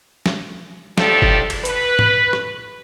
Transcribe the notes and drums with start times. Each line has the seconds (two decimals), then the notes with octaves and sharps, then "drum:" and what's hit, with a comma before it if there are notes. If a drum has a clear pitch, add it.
0.26 drum: snare
0.98 A2 F3 D4 G4 A4, drum: snare
1.22 drum: kick
1.50 drum: cymbal
1.65 B4, drum: hi-hat
1.99 drum: tom G#2
2.33 drum: rim click